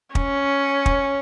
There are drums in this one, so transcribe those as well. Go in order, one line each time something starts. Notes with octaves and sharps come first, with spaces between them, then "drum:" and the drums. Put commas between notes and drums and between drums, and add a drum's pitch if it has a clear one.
C#4, drum: kick
drum: kick